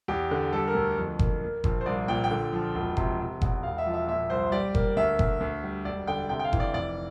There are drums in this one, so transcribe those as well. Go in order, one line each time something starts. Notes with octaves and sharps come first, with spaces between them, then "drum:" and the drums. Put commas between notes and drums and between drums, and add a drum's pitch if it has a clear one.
E2 G4
D3
G3 A4
A#4
D2
F2
A#3, drum: kick F#1
A#3
A#1, drum: kick F#1
C5
C2 D5
A#2 G5
G5
D3
F3
E1
C3, drum: kick F#1
C3
E2, drum: kick F#1
E1 F5
E5
F3
E5
A#2 E5
C2 C5
G3 D5
A#3, drum: kick F#1
D2 E5
D2, drum: kick F#1
D2
G3
E1 D5
D3 G5
C3 G5
G5
F5
E3, drum: kick F#1
D5
F1 D5